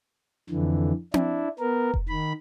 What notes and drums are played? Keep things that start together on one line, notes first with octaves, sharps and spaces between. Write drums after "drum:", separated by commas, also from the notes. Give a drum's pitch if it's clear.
F2 D3 E3
D4 E4, drum: tom C4
B3 A#4
drum: kick F1
D#3 B5